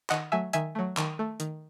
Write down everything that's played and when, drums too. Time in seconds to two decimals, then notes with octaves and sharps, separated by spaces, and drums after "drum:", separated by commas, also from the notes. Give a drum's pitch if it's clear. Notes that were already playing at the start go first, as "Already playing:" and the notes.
0.10 D#3 D#5 F#5, drum: clap
0.32 F#3 A3 E5 G#5
0.53 D#3 E5 G#5, drum: hi-hat
0.75 F#3 A3
0.97 D#3, drum: clap
1.19 A3
1.40 D#3, drum: hi-hat